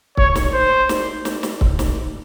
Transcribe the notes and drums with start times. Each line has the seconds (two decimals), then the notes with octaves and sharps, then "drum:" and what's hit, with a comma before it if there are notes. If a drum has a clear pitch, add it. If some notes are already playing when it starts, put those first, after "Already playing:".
0.17 C#5, drum: kick
0.35 drum: snare
0.53 C5
0.89 drum: snare
1.25 drum: snare
1.43 drum: snare
1.61 drum: kick
1.79 drum: snare